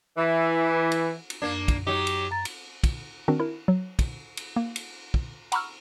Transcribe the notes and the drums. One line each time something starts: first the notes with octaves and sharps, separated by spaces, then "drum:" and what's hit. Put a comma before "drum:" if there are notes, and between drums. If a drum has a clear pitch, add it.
E3
drum: cymbal
drum: cymbal
F#2 A#3 D4 G#6
drum: kick, cymbal
F#3 D#4 G4
drum: cymbal
A#5 A6
drum: cymbal
drum: kick, cymbal
D#3 C4 D4 F#4 A#4
E4 A#4
F#3
drum: kick, cymbal
drum: cymbal
A#3
drum: cymbal
drum: kick
F#5 A#5 B5 C#6 E6 F6, drum: cymbal